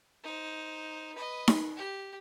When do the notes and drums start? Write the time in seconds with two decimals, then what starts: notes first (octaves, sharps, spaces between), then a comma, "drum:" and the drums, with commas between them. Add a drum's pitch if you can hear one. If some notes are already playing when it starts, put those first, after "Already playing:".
0.24 D#4 C5
1.14 B4 D#5
1.48 drum: snare D#4
1.77 G4